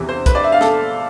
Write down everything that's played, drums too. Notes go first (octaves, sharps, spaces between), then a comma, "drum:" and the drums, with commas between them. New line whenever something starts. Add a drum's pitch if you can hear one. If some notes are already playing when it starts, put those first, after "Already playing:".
Already playing: E2 C3 E3
C5
B4, drum: kick, hi-hat
D5
E5
F5
A4, drum: snare